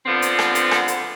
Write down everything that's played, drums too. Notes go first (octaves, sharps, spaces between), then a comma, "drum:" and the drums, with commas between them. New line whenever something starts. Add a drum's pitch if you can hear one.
D3 F3 B3 C4
drum: hi-hat
drum: rim click
drum: hi-hat
drum: rim click
drum: hi-hat